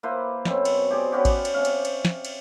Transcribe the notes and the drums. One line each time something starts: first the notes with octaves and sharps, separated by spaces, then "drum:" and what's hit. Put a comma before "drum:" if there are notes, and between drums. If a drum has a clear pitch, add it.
A#3 E4 B4 C5
F#2 B2 C4 B5, drum: snare
drum: cymbal
G4 G#4 C5 D5
B3 C#4 F#4 G4
drum: kick A1, cymbal
drum: cymbal
C3 C#4 F5
drum: cymbal
drum: cymbal
drum: snare
drum: cymbal